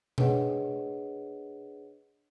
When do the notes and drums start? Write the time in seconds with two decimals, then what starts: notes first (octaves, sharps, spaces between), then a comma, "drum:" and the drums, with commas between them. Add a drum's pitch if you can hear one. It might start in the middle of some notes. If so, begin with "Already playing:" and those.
0.18 D4 G#4 B4 C#5 D#5 F#5, drum: tom B2